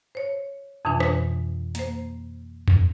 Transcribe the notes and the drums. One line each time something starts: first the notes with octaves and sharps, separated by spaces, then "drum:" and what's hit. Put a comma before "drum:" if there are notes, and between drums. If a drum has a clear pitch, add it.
C5 C#5
F2 B2 E3 D4 G#5
drum: rim click
A#3 C5, drum: hi-hat
drum: tom E2